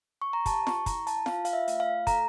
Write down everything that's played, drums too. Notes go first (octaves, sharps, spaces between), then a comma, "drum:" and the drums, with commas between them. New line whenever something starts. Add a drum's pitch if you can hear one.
C#6
A#5
G4 A5, drum: kick, hi-hat
C#6, drum: snare F4
E4 A#5, drum: kick, hi-hat
A5, drum: hi-hat
F4 F5, drum: snare F4
F5, drum: hi-hat
E5
A3, drum: hi-hat
F5
A4 A#5, drum: kick, hi-hat